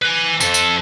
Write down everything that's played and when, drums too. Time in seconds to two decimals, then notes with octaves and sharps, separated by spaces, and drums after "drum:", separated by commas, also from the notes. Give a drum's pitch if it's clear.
0.02 B4 G#5
0.40 F2 A4, drum: tambourine
0.54 drum: tambourine